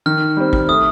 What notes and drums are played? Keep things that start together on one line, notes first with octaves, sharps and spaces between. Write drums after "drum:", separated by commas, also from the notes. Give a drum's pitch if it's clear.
D#3 F6
G3 C4
drum: kick
A3 D#6